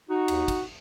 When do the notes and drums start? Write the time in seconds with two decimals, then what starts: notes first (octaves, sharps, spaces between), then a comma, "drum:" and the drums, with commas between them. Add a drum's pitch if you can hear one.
0.09 D#4 F#4
0.28 D#2, drum: cymbal
0.48 drum: kick, cymbal